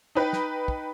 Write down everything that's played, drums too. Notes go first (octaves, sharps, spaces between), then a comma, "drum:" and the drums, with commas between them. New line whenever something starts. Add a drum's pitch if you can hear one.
D#4 B4 G5
drum: snare
drum: kick